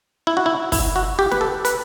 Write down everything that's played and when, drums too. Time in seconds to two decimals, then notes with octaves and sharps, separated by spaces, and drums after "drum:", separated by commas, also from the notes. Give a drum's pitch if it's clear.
0.27 E4
0.37 F#4
0.46 E4
0.72 E4, drum: kick, open hi-hat
0.96 F#4
1.19 G4
1.32 B4, drum: snare
1.41 A4
1.65 B4, drum: hi-hat